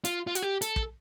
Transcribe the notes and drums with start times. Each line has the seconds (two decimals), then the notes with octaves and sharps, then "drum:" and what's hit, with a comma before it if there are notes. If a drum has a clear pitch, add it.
0.05 F4, drum: hi-hat
0.27 F4
0.35 F#4, drum: hi-hat
0.43 G4
0.62 A4, drum: hi-hat
0.76 drum: kick